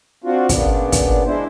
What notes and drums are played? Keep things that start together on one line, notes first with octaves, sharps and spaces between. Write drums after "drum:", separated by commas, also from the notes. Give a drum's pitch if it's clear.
C4 D4 F4 F#4
A#2 C#3 B3 D4, drum: kick, hi-hat
drum: kick, hi-hat
G#3 D4 E4 C5